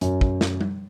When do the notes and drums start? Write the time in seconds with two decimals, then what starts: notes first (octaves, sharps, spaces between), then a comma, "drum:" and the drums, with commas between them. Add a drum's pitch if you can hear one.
0.01 F#2, drum: hi-hat
0.21 drum: kick
0.41 drum: snare
0.61 drum: tom G3